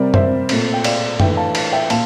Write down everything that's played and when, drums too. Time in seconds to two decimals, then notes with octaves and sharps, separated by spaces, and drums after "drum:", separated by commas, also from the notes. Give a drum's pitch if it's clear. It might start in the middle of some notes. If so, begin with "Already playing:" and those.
Already playing: C3 G3 C4 A#4 D5
0.14 C5 E5, drum: tom F#2
0.49 A#2 A3 C4, drum: cymbal
0.74 G5
0.84 D5 F5, drum: cymbal
1.20 E3 A3 D4 E5 G5, drum: tom F#2
1.37 F5 A5
1.55 F5 A5, drum: cymbal
1.72 E5 G5
1.90 A#2 F5 A5, drum: cymbal